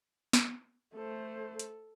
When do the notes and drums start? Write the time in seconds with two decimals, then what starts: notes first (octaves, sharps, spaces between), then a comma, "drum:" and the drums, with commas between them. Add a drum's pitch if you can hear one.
0.33 drum: snare
0.95 A3 A4 C5
1.59 drum: hi-hat